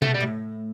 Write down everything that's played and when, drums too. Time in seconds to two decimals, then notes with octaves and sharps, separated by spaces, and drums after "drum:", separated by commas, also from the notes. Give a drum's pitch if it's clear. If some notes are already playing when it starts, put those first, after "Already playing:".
0.02 B2 A3, drum: tom C3
0.14 G3
0.20 A2